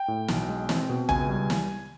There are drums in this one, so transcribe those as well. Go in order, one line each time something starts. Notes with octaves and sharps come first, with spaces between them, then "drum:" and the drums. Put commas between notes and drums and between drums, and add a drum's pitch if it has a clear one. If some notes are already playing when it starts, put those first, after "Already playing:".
Already playing: G5
A2
B1, drum: snare
G#3
C4, drum: snare
B2
C#2 G#5, drum: kick
G3
drum: snare